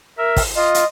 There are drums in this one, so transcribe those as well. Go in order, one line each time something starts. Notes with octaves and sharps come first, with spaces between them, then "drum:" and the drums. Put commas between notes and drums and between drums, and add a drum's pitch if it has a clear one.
A#4 E5
drum: kick, open hi-hat
F4 D#5
drum: hi-hat